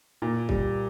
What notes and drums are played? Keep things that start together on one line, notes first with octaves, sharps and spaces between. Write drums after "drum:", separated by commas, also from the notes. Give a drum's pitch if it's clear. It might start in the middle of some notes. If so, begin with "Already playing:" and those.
A#2
G3, drum: kick